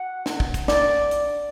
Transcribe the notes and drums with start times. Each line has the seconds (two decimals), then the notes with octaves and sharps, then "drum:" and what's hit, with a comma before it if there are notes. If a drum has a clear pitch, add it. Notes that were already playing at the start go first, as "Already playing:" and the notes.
Already playing: F#5
0.26 drum: snare
0.40 drum: kick
0.54 drum: kick, hi-hat
0.68 D5, drum: snare
1.11 drum: hi-hat